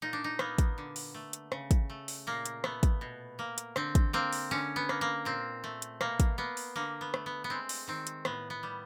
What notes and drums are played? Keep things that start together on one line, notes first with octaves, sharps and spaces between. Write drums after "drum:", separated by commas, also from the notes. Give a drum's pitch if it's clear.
A#2 D#4
D4
D#4
A#3 B3, drum: rim click
drum: kick, hi-hat
D3
drum: open hi-hat
A3
drum: hi-hat
C#3, drum: rim click
drum: kick, hi-hat
A3
drum: open hi-hat
A#2 A#3
drum: hi-hat
A3 B3, drum: rim click
drum: kick, hi-hat
B2
A#3
drum: hi-hat
D3 C4, drum: rim click
drum: kick, hi-hat
A#3 C4
drum: open hi-hat
D3 C#4
B3
A#3, drum: rim click
A#3
A#2 C4
A3
drum: hi-hat
B2 A#3, drum: rim click
drum: kick, hi-hat
A#3 B3
drum: open hi-hat
D3 A#3
B3
A3, drum: rim click
B3
B3
G#3 C4
drum: open hi-hat
D#3 C4
drum: hi-hat
A2 B3, drum: rim click
B3
G3